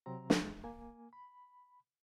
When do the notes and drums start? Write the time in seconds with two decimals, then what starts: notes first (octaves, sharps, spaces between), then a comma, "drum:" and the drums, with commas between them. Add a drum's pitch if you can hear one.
0.06 C3 F#3 C4 A#5
0.30 drum: snare
0.41 E2 G#3
0.64 A#3 G#5
1.13 B5